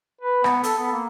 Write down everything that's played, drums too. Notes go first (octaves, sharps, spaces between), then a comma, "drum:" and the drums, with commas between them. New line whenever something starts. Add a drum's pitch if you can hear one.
B4
B3, drum: rim click
A4, drum: hi-hat
B3
A#3